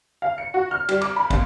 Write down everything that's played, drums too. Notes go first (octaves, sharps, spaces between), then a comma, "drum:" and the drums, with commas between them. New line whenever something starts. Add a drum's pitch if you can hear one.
F5
C#7
F#4
F6
G3, drum: cymbal
D6, drum: cymbal
B5
D#2, drum: kick, cymbal